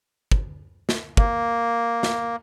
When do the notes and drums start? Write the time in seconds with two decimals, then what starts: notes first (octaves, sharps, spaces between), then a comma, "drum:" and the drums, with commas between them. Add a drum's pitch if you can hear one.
0.31 drum: kick
0.89 drum: snare
1.17 A#3, drum: kick
2.03 drum: snare